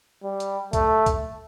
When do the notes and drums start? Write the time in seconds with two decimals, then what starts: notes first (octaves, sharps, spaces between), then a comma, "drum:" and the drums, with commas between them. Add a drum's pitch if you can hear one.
0.23 G3
0.40 drum: hi-hat
0.73 A3, drum: kick C2, hi-hat
1.06 drum: kick C2, hi-hat